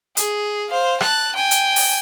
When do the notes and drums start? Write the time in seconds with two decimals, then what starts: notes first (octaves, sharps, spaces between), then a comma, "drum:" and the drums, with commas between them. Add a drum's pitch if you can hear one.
0.17 G#4, drum: hi-hat
0.69 C5 F5
1.01 A5 F#6, drum: rim click
1.36 G5 G#5
1.51 drum: hi-hat
1.76 drum: open hi-hat